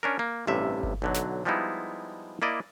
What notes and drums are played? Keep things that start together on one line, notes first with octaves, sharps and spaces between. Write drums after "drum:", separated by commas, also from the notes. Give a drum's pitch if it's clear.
C#4 D4 A#4
A#3
A1 G2 C3 E5
drum: kick G1
B1 D3 F#3
drum: snare
F3 G3 G#3 B3 D#4 E4
A#3 E4 D5 D#5